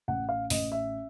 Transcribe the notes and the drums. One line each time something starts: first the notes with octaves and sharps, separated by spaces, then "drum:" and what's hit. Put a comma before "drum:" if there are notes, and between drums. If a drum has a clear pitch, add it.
A1 F#5
F5
A1 D#5, drum: open hi-hat
E5